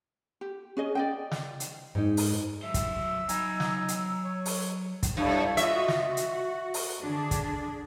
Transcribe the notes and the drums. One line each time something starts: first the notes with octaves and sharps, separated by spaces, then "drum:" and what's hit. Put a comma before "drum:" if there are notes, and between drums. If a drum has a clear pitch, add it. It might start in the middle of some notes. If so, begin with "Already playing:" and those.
G4
C#4 G#4 D#5
D5 D#5 G5
drum: snare
drum: hi-hat
G#2 D#4
drum: open hi-hat
F#3 C5 E5 E6
drum: kick, hi-hat
F#3 D#4 D#5 G#5 B5, drum: hi-hat
drum: snare
drum: hi-hat
C#5
drum: open hi-hat
drum: kick, hi-hat
G2 E4 A4 C#5
F4 F#4 D#5 E5, drum: hi-hat
drum: snare
F#4
drum: hi-hat
drum: open hi-hat
D3 D4 G#4
drum: kick, hi-hat